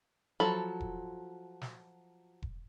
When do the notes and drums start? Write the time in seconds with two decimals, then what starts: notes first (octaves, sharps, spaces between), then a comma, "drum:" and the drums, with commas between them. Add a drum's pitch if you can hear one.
0.40 F3 F#3 A4 B5
0.80 drum: kick E1
1.61 drum: snare
2.42 drum: kick E1